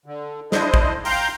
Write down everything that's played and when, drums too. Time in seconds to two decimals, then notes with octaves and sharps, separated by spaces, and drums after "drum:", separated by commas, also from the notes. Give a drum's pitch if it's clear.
0.06 D3
0.52 D4 E4 C5 D#5, drum: snare
0.74 drum: kick
1.05 F5 G5 A#5 C6 G6, drum: open hi-hat